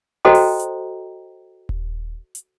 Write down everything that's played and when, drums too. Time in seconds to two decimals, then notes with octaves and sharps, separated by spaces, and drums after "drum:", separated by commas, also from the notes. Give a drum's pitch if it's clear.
0.25 F#4 A4 C5 D#5 G5 A#5
0.35 drum: open hi-hat
0.59 drum: hi-hat
1.69 drum: kick D#1
2.35 drum: hi-hat